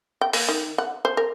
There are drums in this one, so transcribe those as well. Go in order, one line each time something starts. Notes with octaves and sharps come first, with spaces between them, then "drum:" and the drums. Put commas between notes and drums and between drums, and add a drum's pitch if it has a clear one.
G5
A#3, drum: open hi-hat
D#3
F#5
C5
A#4